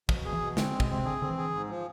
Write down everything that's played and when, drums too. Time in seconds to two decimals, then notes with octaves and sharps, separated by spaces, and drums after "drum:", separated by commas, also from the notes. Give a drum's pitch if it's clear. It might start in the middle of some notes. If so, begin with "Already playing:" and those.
0.09 B2 F3, drum: kick
0.25 G#4
0.33 E3
0.41 B2
0.57 D3 C4, drum: snare
0.73 G#3
0.80 B2, drum: kick
0.89 C3 C4
1.05 D3 G#4
1.21 D3 C4
1.29 E3
1.37 G#4
1.53 G#2
1.70 F3